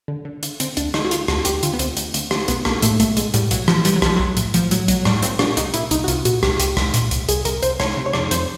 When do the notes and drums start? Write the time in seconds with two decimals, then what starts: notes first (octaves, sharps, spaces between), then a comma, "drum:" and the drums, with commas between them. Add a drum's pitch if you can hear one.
0.08 D3
0.25 D3
0.43 D3, drum: hi-hat
0.60 D3 C4, drum: hi-hat
0.77 D2 D4, drum: hi-hat
0.94 D3 D#4, drum: rim click
1.05 F#4
1.11 D3 F4, drum: hi-hat
1.28 D2 F#4, drum: rim click
1.45 D2 G4, drum: hi-hat
1.63 D3 F4, drum: hi-hat
1.74 B3
1.79 D2 C4, drum: hi-hat
1.97 D2, drum: hi-hat
2.14 D2, drum: hi-hat
2.31 D2, drum: rim click
2.48 B1 B3, drum: hi-hat
2.65 B1 A#3, drum: rim click
2.82 A2 A3, drum: hi-hat
3.00 B1 A3, drum: hi-hat
3.17 B1 G#3, drum: hi-hat
3.34 A2 G3, drum: hi-hat
3.51 B1 F#3, drum: hi-hat
3.68 E3 F3, drum: rim click
3.85 E3 G3, drum: hi-hat
3.96 F#3
4.02 B1 F3, drum: rim click
4.16 B1 F#3
4.37 A2, drum: hi-hat
4.54 A2 F3, drum: hi-hat
4.71 A2 F#3, drum: hi-hat
4.88 B1 F#3, drum: hi-hat
5.05 A2 G3, drum: rim click
5.23 A#2 C4, drum: hi-hat
5.39 A#2 D4, drum: rim click
5.57 C2 D#4, drum: hi-hat
5.74 A#2 E4, drum: hi-hat
5.91 C2 D#4, drum: hi-hat
6.04 F#4
6.08 C2 F4, drum: hi-hat
6.25 A#2 F#4, drum: hi-hat
6.43 C2 G4, drum: rim click
6.60 C2 G4, drum: hi-hat
6.77 C2, drum: rim click
6.94 A#2, drum: hi-hat
7.11 C2, drum: hi-hat
7.29 C2 G#4, drum: hi-hat
7.45 C2 A#4, drum: hi-hat
7.63 C2 C5, drum: hi-hat
7.80 C2 C#5, drum: rim click
7.97 C3
8.06 C#5
8.13 F2 D5, drum: rim click
8.31 F2 C5, drum: hi-hat